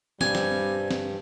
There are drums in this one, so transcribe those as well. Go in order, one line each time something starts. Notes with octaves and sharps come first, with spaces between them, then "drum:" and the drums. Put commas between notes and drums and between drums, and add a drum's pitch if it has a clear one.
G2 G3 C4 G#5, drum: snare
drum: snare
drum: snare